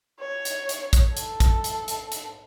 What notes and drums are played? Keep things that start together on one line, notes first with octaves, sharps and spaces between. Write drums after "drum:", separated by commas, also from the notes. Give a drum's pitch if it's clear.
C#5
drum: hi-hat
drum: hi-hat
drum: kick, hi-hat
A4, drum: hi-hat
drum: kick, hi-hat
drum: hi-hat
drum: hi-hat
drum: hi-hat